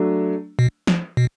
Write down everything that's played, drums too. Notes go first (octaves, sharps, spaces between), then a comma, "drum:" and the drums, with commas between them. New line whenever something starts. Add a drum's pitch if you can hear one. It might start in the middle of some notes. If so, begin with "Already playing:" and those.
Already playing: F#3 A3 D4
B2
drum: snare
B2